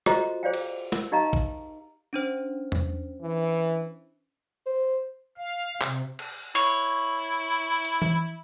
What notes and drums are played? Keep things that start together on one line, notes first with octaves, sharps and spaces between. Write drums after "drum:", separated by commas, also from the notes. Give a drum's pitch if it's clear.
F4 F#4 A4 C5 D#5 A#5, drum: rim click
G#4 C5 D5 F5 G5
drum: cymbal
A#4 E6, drum: snare
D#4 G4 D#5 F5 A#5
drum: kick
C#4 D4 C5
drum: tom E2
E3
C5
F5
C3, drum: clap
drum: cymbal
E4 C#5
drum: hi-hat
drum: tom E3